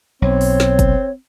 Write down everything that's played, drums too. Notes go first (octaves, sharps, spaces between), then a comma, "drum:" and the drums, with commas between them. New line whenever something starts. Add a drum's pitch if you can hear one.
B1 C4 C#5
drum: open hi-hat
drum: snare
drum: kick F#1, hi-hat